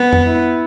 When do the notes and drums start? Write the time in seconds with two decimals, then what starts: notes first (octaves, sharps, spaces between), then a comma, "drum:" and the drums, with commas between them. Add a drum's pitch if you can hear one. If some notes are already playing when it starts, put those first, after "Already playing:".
Already playing: B3
0.13 drum: tom F2
0.26 E4